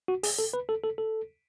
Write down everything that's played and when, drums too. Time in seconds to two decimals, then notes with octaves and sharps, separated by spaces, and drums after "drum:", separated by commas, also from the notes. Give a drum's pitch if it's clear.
0.08 F#4
0.23 G#4, drum: open hi-hat
0.39 A4
0.53 B4
0.69 A4
0.84 A4
0.98 A4